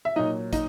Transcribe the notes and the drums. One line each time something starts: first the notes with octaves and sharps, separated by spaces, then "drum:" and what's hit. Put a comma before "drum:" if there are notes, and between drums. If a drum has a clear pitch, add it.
E5
A#2 F#3 D#4 D#5
D#4 D#5, drum: kick, hi-hat